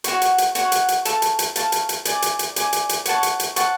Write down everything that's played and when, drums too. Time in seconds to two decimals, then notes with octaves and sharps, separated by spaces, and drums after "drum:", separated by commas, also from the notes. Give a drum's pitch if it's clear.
0.04 F#4 C#5 F#5 C#6, drum: hi-hat
0.22 drum: hi-hat
0.38 drum: hi-hat
0.55 F#4 C#5 F#5 C#6, drum: hi-hat
0.72 drum: hi-hat
0.88 drum: hi-hat
1.05 A4 F5 A5 C#6, drum: hi-hat
1.22 drum: hi-hat
1.39 drum: hi-hat
1.56 A4 F5 A5 C#6, drum: hi-hat
1.72 drum: hi-hat
1.89 drum: hi-hat
2.05 D5 G#5 D6, drum: hi-hat
2.22 drum: hi-hat
2.39 drum: hi-hat
2.56 D5 G#5 D6, drum: hi-hat
2.73 drum: hi-hat
2.89 drum: hi-hat
3.05 C#5 F#5 A5 C#6, drum: hi-hat
3.23 drum: hi-hat
3.40 drum: hi-hat
3.56 C#5 F#5 A5 C#6, drum: hi-hat